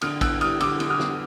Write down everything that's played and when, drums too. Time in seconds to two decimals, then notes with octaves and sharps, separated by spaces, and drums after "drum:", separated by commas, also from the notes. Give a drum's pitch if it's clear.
0.01 D3 D#6 F6, drum: cymbal
0.21 B3 E6 F#6, drum: kick, cymbal
0.41 G3 D#6 F6, drum: cymbal
0.60 D3 D6 E6, drum: cymbal
0.80 D3, drum: cymbal
0.90 D#6 F6
1.00 B3, drum: snare